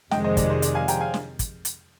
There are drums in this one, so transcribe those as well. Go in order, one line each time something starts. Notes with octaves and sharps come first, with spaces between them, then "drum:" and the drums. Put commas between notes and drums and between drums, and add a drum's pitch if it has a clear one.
F2 C3 D#3 G#3 D#5 G5, drum: snare
C5 D#5
D5, drum: kick, hi-hat
C5
D5, drum: hi-hat
F5 G#5
G5 A#5, drum: hi-hat
F5 G#5
drum: snare
drum: kick, hi-hat
drum: hi-hat